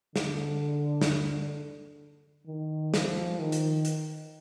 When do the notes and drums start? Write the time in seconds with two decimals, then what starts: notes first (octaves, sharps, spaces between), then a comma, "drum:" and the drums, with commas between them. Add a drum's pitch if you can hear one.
0.16 D3, drum: snare
1.01 drum: snare
2.47 D#3
2.94 F3, drum: snare
3.40 D#3
3.52 drum: hi-hat
3.85 drum: hi-hat